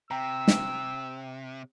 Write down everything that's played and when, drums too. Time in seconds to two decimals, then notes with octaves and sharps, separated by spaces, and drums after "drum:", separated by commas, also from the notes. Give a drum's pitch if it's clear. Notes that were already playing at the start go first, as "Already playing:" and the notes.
0.11 C3 G5 A#5 E6
0.48 drum: snare